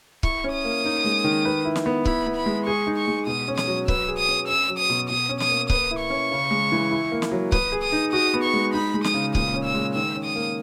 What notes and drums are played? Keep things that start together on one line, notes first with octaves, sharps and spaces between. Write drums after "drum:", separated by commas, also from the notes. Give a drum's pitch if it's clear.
E4 C#6, drum: kick C#1
C#4
D#6
A#3
D#4
G#3
D#3
B4
E4
drum: snare
B3
E4 B5, drum: kick C#1
B3
B5
G#3
G#4 C#6
D#4
C#6
G#3
B2 D#6
C#4
D#6, drum: snare
F#3
B4 E6, drum: kick C#1
G#4
D#6
C#4
C#4 E6
F#3
D#6
B2
B2 D#6
C#4
D#6, drum: snare
A#3
B4 D#6, drum: kick C#1
E4
C#6
C#4
C#3
G#3
E3
E4
A#3
drum: snare
F#3
B4 D#6, drum: kick C#1
G#4
D#6
D#4
F#4 D#6
B3
C#6
G#3
D#4 B5
G#3
D#6, drum: snare
C#3
A#2 D#6, drum: kick C#1
C#4
E6
G#3
D#3 E6
C#4
D#6
A#3